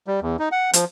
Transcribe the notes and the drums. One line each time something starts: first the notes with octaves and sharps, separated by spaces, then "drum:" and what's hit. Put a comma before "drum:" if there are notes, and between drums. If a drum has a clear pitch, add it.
G3
E2
D#4
F#5
F3, drum: hi-hat